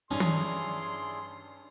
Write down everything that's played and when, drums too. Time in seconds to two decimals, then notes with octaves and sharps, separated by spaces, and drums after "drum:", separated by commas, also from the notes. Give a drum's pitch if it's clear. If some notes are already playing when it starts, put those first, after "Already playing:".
0.11 G2 C#4 D#4 E4 G#4 D5 C6
0.20 drum: tom